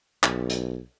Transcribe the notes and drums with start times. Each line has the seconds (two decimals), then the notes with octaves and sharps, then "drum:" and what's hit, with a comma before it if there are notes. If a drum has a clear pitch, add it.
0.23 B1, drum: clap
0.50 drum: hi-hat